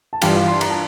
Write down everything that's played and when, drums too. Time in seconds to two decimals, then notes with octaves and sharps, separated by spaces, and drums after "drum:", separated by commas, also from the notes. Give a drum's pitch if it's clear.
0.13 A5
0.22 G2 E3 G3 D4 F4 G5, drum: cymbal
0.35 F5
0.47 C6
0.61 A#5, drum: cymbal
0.70 A5